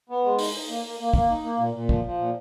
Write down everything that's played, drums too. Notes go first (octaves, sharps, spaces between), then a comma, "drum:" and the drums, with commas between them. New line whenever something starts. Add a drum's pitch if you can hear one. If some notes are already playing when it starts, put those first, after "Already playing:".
B3
G#3
D#4, drum: open hi-hat
D#4
A#3
A#3
A#3
A#3, drum: kick
D#4
A#3
A#2
A#2
F3, drum: kick
F3
A#2